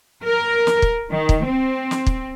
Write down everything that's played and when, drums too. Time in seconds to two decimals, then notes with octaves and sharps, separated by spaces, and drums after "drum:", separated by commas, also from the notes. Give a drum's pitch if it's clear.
0.25 A#4
0.67 drum: snare
0.82 drum: kick
1.11 D#3
1.29 drum: kick
1.44 C4
1.91 drum: snare
2.07 drum: kick